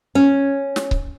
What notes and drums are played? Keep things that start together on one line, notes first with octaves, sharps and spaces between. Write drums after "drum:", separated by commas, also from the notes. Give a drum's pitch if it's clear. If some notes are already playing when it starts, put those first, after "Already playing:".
C#4
drum: snare
drum: kick C#1